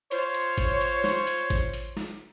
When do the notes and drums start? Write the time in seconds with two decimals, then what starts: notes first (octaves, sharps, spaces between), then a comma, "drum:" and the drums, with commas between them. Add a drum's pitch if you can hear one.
0.11 F4 C5 C#5, drum: hi-hat
0.34 drum: hi-hat
0.58 drum: kick G#1, hi-hat
0.81 drum: hi-hat
1.04 drum: snare
1.27 drum: hi-hat
1.50 drum: kick G#1, hi-hat
1.73 drum: hi-hat
1.97 drum: snare